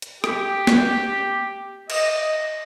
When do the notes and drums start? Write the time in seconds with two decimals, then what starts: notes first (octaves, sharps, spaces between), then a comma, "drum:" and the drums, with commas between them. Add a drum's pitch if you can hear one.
0.02 drum: hi-hat
0.24 G4, drum: rim click
0.67 drum: snare
1.90 D#5, drum: cymbal